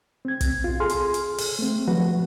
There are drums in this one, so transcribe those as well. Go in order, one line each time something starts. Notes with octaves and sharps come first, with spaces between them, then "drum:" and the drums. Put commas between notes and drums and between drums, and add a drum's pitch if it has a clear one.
C4 G#6
drum: kick, hi-hat
F4
G#4 A4 C6 F6
drum: hi-hat
drum: hi-hat
drum: open hi-hat
A3 C4
F3 F#3 A3 F#4 B4